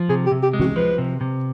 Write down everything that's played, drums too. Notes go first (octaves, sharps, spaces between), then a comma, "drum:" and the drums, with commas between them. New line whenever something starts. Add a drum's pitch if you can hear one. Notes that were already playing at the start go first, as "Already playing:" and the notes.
Already playing: F3
C3 G#4
G4
C3
G4
G#3
F#4, drum: tom
F3 B4
C3
C3